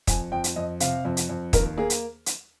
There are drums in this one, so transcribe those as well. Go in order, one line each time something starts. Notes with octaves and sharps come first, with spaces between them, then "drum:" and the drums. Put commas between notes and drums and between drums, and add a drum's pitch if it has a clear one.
F2 G#5, drum: kick, hi-hat
F2 G5
drum: hi-hat
F2 D#5
C3 F5, drum: hi-hat
F2
drum: hi-hat
F2
D#2 A#4, drum: kick, hi-hat
A#3 G#4
drum: hi-hat
drum: hi-hat